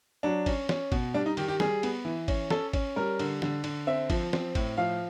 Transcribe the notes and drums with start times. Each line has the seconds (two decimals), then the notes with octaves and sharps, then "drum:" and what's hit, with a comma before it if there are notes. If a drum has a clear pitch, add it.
0.23 F#3 D4
0.46 C#4, drum: kick, cymbal
0.69 C#4, drum: snare
0.92 B2, drum: kick, cymbal
1.14 G3 D4
1.26 D#4
1.37 D#3 G4, drum: cymbal
1.48 G4
1.60 G3 G#4, drum: snare
1.83 B3, drum: cymbal
2.05 E3
2.28 C#4, drum: kick, cymbal
2.50 C#4 A4, drum: snare
2.73 C#4, drum: kick, cymbal
2.96 G3 A#4
3.19 D3, drum: cymbal
3.42 D3, drum: snare
3.64 D3, drum: cymbal
3.87 C4 E5
4.10 F3, drum: kick, cymbal
4.33 C4, drum: snare
4.55 A2, drum: kick, cymbal
4.77 F3 F5